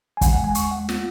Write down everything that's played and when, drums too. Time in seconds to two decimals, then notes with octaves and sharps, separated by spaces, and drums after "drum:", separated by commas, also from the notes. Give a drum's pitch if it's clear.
0.17 G#5
0.21 D#2 F#5, drum: kick, hi-hat
0.33 F#5
0.38 G#3
0.44 G#5
0.55 D#2 C#6, drum: hi-hat
0.71 G#3 F#5
0.89 F4, drum: snare